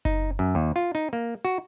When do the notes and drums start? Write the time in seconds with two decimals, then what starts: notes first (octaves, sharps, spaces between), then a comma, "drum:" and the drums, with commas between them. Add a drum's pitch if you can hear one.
0.05 D#4, drum: kick F#1
0.39 F#2
0.55 D#2
0.76 F4
0.95 D#4
1.13 A#3
1.45 F#4